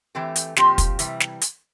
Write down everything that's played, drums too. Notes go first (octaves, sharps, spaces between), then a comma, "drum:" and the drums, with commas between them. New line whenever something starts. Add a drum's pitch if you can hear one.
E3 A3 C4 G4
drum: hi-hat
A#2 F3 C4 G4, drum: snare
drum: kick, hi-hat
C3 E3 G3, drum: hi-hat
drum: snare
drum: hi-hat